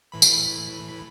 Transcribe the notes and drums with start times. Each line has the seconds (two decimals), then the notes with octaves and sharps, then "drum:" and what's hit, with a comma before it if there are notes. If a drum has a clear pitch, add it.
0.12 A2 E3 B5
0.22 drum: tambourine